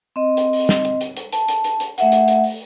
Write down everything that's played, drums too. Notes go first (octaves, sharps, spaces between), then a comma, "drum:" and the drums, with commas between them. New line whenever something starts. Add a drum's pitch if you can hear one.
C4 D#5
drum: hi-hat
drum: open hi-hat
drum: snare
drum: hi-hat
drum: hi-hat
drum: hi-hat
A5, drum: hi-hat
drum: hi-hat
drum: hi-hat
drum: hi-hat
A3 E5 F#5, drum: hi-hat
drum: hi-hat
drum: hi-hat
drum: open hi-hat